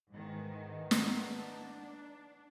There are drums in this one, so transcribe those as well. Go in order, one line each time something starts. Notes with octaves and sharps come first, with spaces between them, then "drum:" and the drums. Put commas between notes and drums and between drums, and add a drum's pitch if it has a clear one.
G#2 D#3 E3 B3 D#4
drum: snare
D4